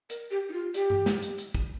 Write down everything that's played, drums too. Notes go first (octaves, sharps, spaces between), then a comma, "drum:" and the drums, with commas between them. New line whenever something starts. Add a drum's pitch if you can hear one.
A#4, drum: hi-hat
G4
D#4
F4
G4, drum: hi-hat
drum: tom G2
drum: snare
drum: hi-hat
drum: hi-hat
drum: kick